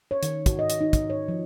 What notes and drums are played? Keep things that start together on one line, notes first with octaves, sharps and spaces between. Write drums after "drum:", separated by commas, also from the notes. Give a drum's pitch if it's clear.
C#5
D#3, drum: hi-hat
F#4, drum: kick, hi-hat
D#5
drum: hi-hat
D#4
drum: kick, hi-hat
C#5
F3